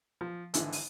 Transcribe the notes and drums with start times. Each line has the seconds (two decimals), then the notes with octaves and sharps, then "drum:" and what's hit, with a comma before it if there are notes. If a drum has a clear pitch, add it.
0.21 F3
0.54 G#1 D3 E3, drum: hi-hat
0.72 drum: open hi-hat